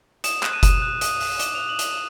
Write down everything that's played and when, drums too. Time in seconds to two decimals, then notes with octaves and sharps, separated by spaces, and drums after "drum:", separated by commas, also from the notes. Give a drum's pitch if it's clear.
0.24 D#6 E7, drum: hi-hat
0.43 F#6, drum: clap
0.53 D#7
0.63 D#6, drum: kick F#1, hi-hat
0.82 F#6
1.01 D#6, drum: hi-hat
1.20 F#6, drum: open hi-hat
1.39 D6 E7, drum: hi-hat
1.55 F#6 F7
1.69 F#7
1.79 D6 E7, drum: hi-hat
1.91 E7